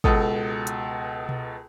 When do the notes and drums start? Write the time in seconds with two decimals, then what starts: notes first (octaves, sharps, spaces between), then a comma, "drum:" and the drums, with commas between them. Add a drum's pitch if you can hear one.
0.04 C#2 B2 A4 D#6, drum: kick
0.67 drum: hi-hat
1.29 drum: tom B2